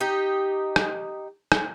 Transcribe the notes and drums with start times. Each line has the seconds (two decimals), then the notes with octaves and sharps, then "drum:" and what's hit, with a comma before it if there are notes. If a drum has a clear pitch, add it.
0.01 D#4 G4
0.76 drum: rim click
1.52 drum: rim click